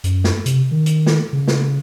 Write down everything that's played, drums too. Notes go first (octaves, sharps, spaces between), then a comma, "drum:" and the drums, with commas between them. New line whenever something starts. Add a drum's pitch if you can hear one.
F#2, drum: hi-hat
drum: snare
C3, drum: hi-hat
D#3
drum: hi-hat
drum: snare
C#3
drum: snare